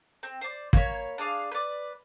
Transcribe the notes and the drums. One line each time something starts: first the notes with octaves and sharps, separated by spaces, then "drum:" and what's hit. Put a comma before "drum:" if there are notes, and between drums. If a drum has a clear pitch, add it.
C4
C5 D5
A#3 C#5 B5, drum: kick
D4 G#4 D5 F5
B4 D5